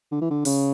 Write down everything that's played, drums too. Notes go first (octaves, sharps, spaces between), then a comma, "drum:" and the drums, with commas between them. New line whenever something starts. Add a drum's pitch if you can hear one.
D3
E3
D3
C#3, drum: open hi-hat